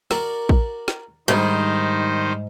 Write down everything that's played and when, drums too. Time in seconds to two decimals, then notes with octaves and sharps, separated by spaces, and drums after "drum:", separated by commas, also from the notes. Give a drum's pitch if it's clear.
0.11 F#4 A#4 D5, drum: snare
0.49 drum: kick
0.88 drum: snare
1.28 G#2 D#3 G3 D4 D#4 C5